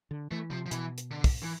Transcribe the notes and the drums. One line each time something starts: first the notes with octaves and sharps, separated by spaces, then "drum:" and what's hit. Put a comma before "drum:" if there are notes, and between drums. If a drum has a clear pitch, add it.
D3
E3 A3
C3 F3
F3
B2 E3, drum: hi-hat
drum: hi-hat
D3
drum: kick, open hi-hat
E3